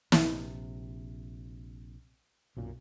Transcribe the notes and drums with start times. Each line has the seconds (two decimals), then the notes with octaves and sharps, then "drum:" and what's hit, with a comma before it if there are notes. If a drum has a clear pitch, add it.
0.12 A#1 C3, drum: snare
2.57 B1 F#2 A#2